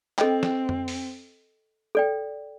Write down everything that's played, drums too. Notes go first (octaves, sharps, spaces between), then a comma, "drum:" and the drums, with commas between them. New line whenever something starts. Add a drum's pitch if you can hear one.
C4 A4 D#5 G5, drum: clap
drum: snare
drum: tom F2
drum: open hi-hat
A4 D5 G5